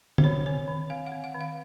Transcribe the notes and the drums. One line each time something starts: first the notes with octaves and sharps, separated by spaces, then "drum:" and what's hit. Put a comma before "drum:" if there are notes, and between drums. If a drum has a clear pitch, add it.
C5, drum: tom
D#3 C#5
C4 C#5
D#3
C4 F5
F#5
C4
F#5
D#3
F5